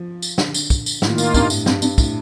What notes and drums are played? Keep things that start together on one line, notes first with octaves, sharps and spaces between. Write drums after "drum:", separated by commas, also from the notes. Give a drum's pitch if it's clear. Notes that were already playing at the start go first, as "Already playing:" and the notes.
Already playing: F3
drum: tambourine
D3, drum: snare
drum: tambourine
drum: kick, tambourine
drum: tambourine
A2 D#3 A#3 F4, drum: snare
drum: tambourine
G2, drum: kick, tambourine
A2, drum: tambourine
G2, drum: snare
G2, drum: tambourine
A2, drum: kick, tambourine